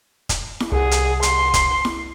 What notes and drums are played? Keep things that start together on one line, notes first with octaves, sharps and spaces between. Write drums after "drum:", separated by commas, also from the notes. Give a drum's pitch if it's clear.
drum: kick, hi-hat
drum: snare E4
C2 G#4 F#5
drum: hi-hat
C6, drum: hi-hat
drum: kick, hi-hat
drum: snare E4